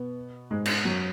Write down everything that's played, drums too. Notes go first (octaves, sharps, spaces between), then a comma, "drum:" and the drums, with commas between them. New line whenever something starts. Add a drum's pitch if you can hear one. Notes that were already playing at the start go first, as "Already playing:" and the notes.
Already playing: B2 B3
G#2 G#3
drum: cymbal
F#2 F#3